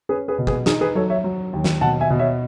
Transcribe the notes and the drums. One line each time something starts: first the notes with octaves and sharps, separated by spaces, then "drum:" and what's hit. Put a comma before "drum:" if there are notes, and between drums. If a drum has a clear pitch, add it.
C#4 G#4 B4
G#4 B4
B2
G#4 B4, drum: kick
D#4 G#4, drum: snare
G#4 B4
F#3 A4 C#5
C#5 E5
F#3
D#2
drum: snare
B2 F#5 A5
E5 G#5
B2
C#5 E5